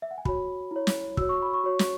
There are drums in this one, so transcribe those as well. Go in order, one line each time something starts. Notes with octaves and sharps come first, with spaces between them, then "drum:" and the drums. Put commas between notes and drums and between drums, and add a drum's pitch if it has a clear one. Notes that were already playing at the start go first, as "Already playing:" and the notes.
E5
F#5
G#5
F#4 C#5 B5, drum: kick
E4 C#5
drum: snare
F#4 C#5 E6, drum: kick
C#6
B5
C#6
F#4 C#5
drum: snare